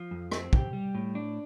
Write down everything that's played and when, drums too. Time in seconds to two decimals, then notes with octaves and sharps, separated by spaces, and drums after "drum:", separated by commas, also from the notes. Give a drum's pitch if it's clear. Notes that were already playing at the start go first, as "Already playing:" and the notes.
Already playing: F3
0.11 F2
0.32 C4, drum: rim click
0.53 G4, drum: kick
0.73 G3
0.95 A2
1.15 D4